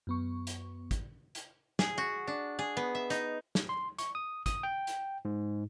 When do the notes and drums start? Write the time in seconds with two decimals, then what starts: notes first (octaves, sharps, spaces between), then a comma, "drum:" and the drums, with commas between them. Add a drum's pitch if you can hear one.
0.07 F#2 B3 C#6
0.47 drum: hi-hat
0.91 drum: kick, hi-hat
1.35 drum: hi-hat
1.79 G#4, drum: snare
1.98 F#4
2.27 D4
2.59 G#4
2.77 B3
2.95 E5
3.10 D#4, drum: hi-hat
3.55 drum: snare
3.69 C6
3.99 C#6, drum: hi-hat
4.15 D#6
4.46 D#6, drum: kick, hi-hat
4.63 G5
4.87 drum: hi-hat
5.25 G#2